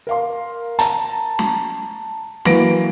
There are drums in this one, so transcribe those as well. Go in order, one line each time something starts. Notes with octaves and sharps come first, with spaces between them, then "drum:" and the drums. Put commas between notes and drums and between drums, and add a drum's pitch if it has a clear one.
A#4 F5 C6
A5 A#5, drum: hi-hat
drum: snare
E3 F#3 A#3 B4 A#6 D7, drum: snare